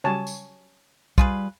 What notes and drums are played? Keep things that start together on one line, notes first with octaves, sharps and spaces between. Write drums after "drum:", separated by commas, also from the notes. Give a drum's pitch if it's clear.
C#3 F#3 G3 C#5 G#5 A5
drum: tambourine
G3 F4 G#4 B4, drum: kick